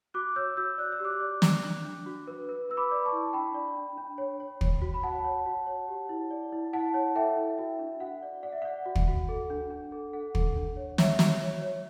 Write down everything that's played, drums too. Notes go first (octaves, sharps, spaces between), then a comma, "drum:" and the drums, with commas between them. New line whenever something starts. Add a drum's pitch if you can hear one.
F#4 D6 F#6
C#5 E6 G6
F#4 E6 G6
D5 F#6
E6
G4
D6 F#6
D5
D5, drum: snare
D4
D4
F#4
B4
B4
B4 E6
B5 D6
D5
A5 C#6
E4
D4 G5 B5
D5
D4
D4
C#5
C#5
C#5, drum: kick
F#4
B5
F#4 F#5 A5
C#5
F#4
C#5
G4
E4
D5
E4
E4 F#5 A5
C#5
A4 E5 G5
E4
F#4 E5
D4
F#4 F#5
D5
D5 F#5
E5
D5 F#5
F#4
drum: kick
F#4
A4
D4
D4
A4
A4 F#5
A4, drum: kick
D4
C#5
C#5 E5, drum: snare
F#4, drum: snare
C#5
C#5